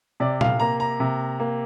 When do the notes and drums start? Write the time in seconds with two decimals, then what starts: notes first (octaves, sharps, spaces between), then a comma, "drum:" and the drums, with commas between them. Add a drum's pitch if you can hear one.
0.20 C3 D5
0.41 F5, drum: tom A#2
0.60 A#3 A#5
0.80 A#5
1.00 C3
1.40 A#3